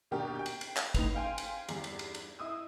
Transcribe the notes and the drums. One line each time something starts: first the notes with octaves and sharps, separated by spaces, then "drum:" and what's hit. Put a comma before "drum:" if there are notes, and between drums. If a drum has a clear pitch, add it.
D#2 B2 D4 G4 A#4
G5 G6
drum: cymbal
drum: cymbal
drum: clap
A2 D#4 B4 F7, drum: kick, cymbal
F5 G5 G#5 C6
drum: cymbal
E2 G2, drum: cymbal
drum: cymbal
drum: cymbal
drum: cymbal
E4 D#5 D#6 E6